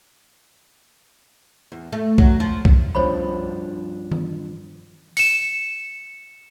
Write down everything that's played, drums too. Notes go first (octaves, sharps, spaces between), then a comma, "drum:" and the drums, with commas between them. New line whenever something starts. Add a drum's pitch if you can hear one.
E2
A3
F#3, drum: kick C2
F3
drum: kick C2
G2 F3 D4 C5 C#5 B5
drum: tom
C#7 E7, drum: open hi-hat